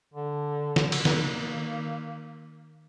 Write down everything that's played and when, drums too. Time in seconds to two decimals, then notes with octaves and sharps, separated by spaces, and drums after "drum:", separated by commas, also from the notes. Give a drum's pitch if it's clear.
0.14 D3
0.76 drum: snare
0.92 drum: cymbal
1.05 D#3 A#3 D#4, drum: snare